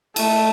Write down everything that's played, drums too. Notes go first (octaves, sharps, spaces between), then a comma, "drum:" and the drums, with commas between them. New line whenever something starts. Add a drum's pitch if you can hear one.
A3, drum: cymbal